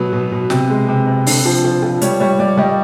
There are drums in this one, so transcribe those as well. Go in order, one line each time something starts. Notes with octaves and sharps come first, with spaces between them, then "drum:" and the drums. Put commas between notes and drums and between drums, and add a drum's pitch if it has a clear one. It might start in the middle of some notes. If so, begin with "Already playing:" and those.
Already playing: B2 F#3 B4
B2
B2
C3, drum: snare
G#3
C3
C3
D3, drum: open hi-hat
F3
F3
F3
G3 C#5, drum: hi-hat
G3 C#5
G3 D5
G3 D#5